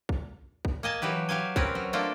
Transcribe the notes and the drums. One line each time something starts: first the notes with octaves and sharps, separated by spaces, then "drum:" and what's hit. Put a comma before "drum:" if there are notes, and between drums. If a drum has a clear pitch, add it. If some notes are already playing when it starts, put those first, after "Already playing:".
drum: kick
drum: kick
A#3 D#5 G#5 A5
E3 F#3 G4 B4
F#3 G4 F5 G#5
C4 C#4 A#4 B4, drum: kick
F#3
A3 A#3 D4 F4